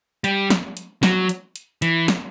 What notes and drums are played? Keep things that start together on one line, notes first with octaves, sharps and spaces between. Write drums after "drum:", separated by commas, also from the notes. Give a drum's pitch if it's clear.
G3, drum: hi-hat
drum: snare
drum: hi-hat
F#3, drum: snare
drum: hi-hat
drum: hi-hat
E3, drum: hi-hat
drum: snare